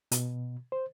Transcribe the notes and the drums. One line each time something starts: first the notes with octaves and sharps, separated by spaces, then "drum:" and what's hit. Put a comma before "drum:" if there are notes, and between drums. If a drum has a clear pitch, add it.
B2, drum: hi-hat
C5